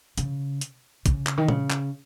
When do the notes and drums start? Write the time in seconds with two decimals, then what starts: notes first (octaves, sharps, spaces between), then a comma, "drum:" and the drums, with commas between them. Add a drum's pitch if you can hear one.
0.18 C#3, drum: hi-hat
0.61 drum: hi-hat
1.06 C#3, drum: kick, hi-hat
1.27 drum: clap
1.37 D#3
1.48 C#3, drum: tom A#2
1.71 drum: clap